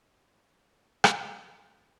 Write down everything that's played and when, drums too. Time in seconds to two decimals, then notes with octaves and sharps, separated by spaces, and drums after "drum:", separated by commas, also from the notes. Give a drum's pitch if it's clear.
0.10 A4 C5 D#5
1.04 drum: rim click